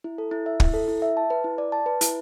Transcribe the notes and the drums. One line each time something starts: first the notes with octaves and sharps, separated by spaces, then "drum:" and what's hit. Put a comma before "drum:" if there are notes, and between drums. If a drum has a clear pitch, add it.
E4
A4
E4
E5
E4, drum: kick
A4
E4
E5
A5
B4
E4
D5
A5
B4
E4, drum: hi-hat